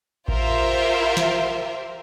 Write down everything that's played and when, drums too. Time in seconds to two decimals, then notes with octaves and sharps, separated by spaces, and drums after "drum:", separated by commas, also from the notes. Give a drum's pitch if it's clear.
0.28 F4 G4 A#4 C5 E5, drum: kick A1
1.17 drum: snare